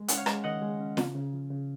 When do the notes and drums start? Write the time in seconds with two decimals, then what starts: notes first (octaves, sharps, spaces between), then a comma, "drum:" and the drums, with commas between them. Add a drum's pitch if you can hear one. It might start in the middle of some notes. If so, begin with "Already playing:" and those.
Already playing: G#3
0.08 C#4 F#5, drum: hi-hat
0.17 C#5 F5
0.26 G#3, drum: rim click
0.44 D#3 D#5 F#5
0.61 G#3
0.79 C#4
0.97 C#3, drum: snare
1.15 C#3
1.33 F3
1.50 C#3